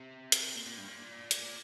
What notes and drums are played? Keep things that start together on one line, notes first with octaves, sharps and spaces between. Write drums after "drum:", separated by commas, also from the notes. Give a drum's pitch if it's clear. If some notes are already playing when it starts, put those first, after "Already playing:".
Already playing: C3
drum: hi-hat
A#2
A#2
G2
A#2
drum: hi-hat